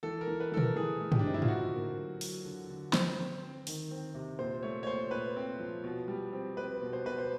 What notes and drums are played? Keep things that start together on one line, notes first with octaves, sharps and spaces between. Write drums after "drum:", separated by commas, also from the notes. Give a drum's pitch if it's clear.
E3 A4
A#4
E3
B4
E3 A4
A#4, drum: tom A#2
E3 G#4
A3
G4, drum: tom
D4
C4 D#4
E4
F4, drum: tom G#2
D3 F#4
A#3
F#3
F#3, drum: open hi-hat
D3
D3
C4 C5, drum: snare
C4
C4
D#3, drum: open hi-hat
C4
C3
A#2 C5
A3 C#5
C#5
A#2 C5
A#2 B4
C4
F3
B2
G3
C4
C4 B4
B2
C5
B2 B4
C5